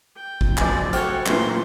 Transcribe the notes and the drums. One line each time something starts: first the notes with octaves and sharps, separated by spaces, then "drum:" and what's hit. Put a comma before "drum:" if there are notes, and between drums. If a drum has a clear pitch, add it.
G5
drum: kick G#1
D1 A#1 D5 G#5, drum: clap
F#4 A4 C5 C#5 G5 F6, drum: hi-hat
F#2 A#2 E3 A3 C6, drum: clap